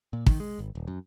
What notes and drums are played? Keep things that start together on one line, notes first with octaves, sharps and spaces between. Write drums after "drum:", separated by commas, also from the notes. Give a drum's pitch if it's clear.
A#2
D#3, drum: kick
G#3
G#1
D#1
F#2